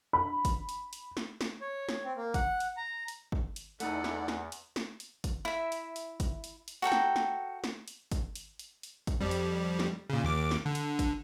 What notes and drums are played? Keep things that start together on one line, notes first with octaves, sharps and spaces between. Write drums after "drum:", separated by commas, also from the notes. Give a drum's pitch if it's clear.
B5
drum: kick, hi-hat
drum: hi-hat
drum: hi-hat
drum: snare
drum: snare
C#5
drum: snare
C4
A#3
F#5, drum: kick, hi-hat
drum: hi-hat
A#5
drum: hi-hat
drum: kick
drum: hi-hat
E2 A3 D#4 E4 A4 D5 F#5, drum: hi-hat
drum: snare
drum: snare
drum: hi-hat
drum: snare
drum: hi-hat
drum: kick, hi-hat
E4 E5
drum: hi-hat
drum: hi-hat
drum: kick, hi-hat
drum: hi-hat
drum: hi-hat
F#4 A4 G5 A#5
drum: snare
drum: snare
drum: snare
drum: hi-hat
drum: kick, hi-hat
drum: hi-hat
drum: hi-hat
drum: hi-hat
drum: kick, hi-hat
F2 G3
drum: hi-hat
drum: snare
A#2 C#3
D#2 D6
drum: snare
D3
drum: hi-hat
drum: kick, hi-hat